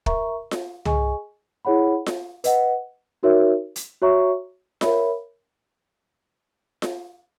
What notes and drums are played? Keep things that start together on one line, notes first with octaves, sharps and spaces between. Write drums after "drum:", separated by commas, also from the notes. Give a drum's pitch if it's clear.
A#4 E5 A#5 C#6, drum: kick
drum: snare F4
G#4 D#5 G#5 C#6, drum: tom
E4 G#4 C#5 F#5 B5
drum: snare F4
B4 D#5 F#5, drum: hi-hat
D#4 F#4 A#4 C#5 E5
drum: hi-hat
F#4 C#5 E5 A#5 C#6
A#4 C#5 E5 B5, drum: snare F4
drum: snare F4